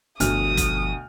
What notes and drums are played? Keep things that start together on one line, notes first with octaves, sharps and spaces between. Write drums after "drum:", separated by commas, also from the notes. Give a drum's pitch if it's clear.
G1 D2 B2 F3 D#6 F6, drum: hi-hat
drum: kick, hi-hat